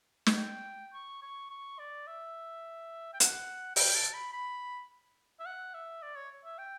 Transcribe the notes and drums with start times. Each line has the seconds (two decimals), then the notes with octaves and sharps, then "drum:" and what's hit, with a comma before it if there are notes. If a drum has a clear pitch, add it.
0.26 drum: snare
0.37 G5
0.94 C#6
1.22 C#6
1.50 C#6
1.79 D5
2.07 E5
3.14 G5
3.20 F#5, drum: hi-hat
3.76 G5, drum: open hi-hat
3.95 A5
4.14 B5
4.33 B5
5.40 E5
5.45 F#5
5.74 E5
6.03 D5
6.16 C#5
6.44 E5
6.58 G5